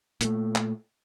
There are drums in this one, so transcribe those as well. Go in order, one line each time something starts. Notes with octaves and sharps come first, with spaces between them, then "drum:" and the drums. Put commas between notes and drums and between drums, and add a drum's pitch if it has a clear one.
A#2 A3, drum: hi-hat
drum: clap